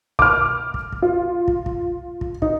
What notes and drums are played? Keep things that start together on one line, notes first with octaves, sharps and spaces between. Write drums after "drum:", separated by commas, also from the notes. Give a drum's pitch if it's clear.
D6 F6, drum: kick
drum: kick
drum: kick
F4
drum: kick
drum: kick
drum: kick
D#4, drum: kick